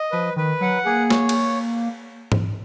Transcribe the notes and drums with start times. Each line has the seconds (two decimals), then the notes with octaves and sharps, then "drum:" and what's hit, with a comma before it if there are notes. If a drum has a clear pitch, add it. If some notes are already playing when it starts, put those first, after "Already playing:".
Already playing: D#5
0.12 F3 B4
0.36 D#3 B4
0.61 F#3 F#5
0.85 A#3 G#4
1.10 C#5, drum: snare
1.29 drum: cymbal
2.32 drum: tom G#2